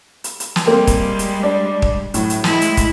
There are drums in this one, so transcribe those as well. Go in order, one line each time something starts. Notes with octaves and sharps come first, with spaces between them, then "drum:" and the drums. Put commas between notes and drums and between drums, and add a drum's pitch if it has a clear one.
drum: hi-hat
drum: hi-hat
drum: snare
G3 G#3 A#3 C4
drum: kick, hi-hat
drum: hi-hat
D4
drum: kick
A2 F#3, drum: hi-hat
drum: hi-hat
G#3 E4, drum: snare
drum: hi-hat
drum: kick, hi-hat